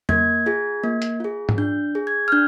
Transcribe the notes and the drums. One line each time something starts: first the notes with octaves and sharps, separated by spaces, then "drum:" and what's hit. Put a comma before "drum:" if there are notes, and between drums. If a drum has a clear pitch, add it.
A#3 G#6, drum: tom E2
F4 G#4
A#3
drum: hi-hat
F4 G#4
drum: tom G#2
D4 G6
G#4
G#6
F6
D4 G6